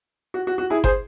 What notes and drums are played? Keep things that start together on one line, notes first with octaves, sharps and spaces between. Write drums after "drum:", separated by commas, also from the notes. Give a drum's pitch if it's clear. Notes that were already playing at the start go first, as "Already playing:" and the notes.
F#4
F#4
F#4
E4 G#4
G#4 C5, drum: kick G1